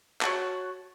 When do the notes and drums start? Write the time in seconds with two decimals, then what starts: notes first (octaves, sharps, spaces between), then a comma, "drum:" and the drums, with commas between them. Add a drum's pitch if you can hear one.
0.21 F#4 C#5 F#5 A5, drum: clap